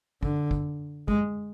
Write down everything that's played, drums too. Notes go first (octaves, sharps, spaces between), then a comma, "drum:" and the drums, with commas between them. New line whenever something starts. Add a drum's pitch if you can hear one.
D3, drum: kick
drum: kick
G#3, drum: kick